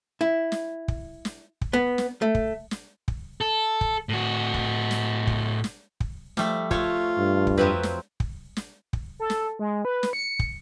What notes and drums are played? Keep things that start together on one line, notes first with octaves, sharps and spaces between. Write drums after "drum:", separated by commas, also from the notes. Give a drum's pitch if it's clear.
E4
drum: snare
drum: kick
drum: snare
drum: kick
B3
drum: snare
A3
drum: kick
drum: snare
drum: kick
A4
drum: kick
A2 F#4
drum: kick
drum: snare
drum: kick
drum: snare
drum: kick
F3 G3 A3, drum: snare
A3 F4 C#5, drum: kick
G2
drum: kick
F2 F3 F#3 C4 B4
drum: snare
drum: kick
drum: snare
drum: kick
A4
drum: snare
G#3
B4
drum: snare
C#7
drum: kick